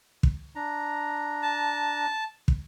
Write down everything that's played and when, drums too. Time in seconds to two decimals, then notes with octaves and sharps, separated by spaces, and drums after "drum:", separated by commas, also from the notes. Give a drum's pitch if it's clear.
0.23 drum: kick
0.55 D4 A#5
1.42 A5
2.48 drum: kick